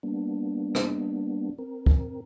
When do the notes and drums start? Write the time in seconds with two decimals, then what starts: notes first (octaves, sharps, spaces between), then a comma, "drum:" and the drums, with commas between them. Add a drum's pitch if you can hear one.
0.03 G3 A#3 B3 D4
0.75 drum: rim click
1.59 C4 A#4
1.86 drum: kick